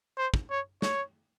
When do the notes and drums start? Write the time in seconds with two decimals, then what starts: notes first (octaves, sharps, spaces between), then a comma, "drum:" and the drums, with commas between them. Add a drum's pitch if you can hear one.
0.17 C5
0.34 drum: kick
0.50 C#5
0.82 C#5, drum: snare